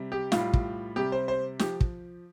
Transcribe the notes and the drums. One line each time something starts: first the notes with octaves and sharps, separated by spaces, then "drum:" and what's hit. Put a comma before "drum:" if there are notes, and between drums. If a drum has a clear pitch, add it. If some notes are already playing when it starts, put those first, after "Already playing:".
Already playing: C3 G3
G4
A2 G3 F4, drum: snare
drum: kick
C3 G3 G4
C5
C5
F3 G4, drum: snare
drum: kick